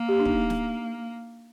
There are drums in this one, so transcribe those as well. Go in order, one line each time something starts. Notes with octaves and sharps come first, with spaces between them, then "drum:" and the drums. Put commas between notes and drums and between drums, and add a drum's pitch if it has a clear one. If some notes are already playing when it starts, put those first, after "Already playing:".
Already playing: A#3
G4
D4
D#4, drum: kick
drum: snare